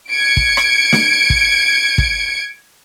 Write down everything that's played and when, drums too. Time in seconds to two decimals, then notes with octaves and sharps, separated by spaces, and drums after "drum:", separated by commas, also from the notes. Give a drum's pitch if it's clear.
0.11 G#6 C#7 D7
0.37 drum: kick
0.57 drum: rim click
0.93 drum: snare
1.30 drum: kick
1.98 drum: kick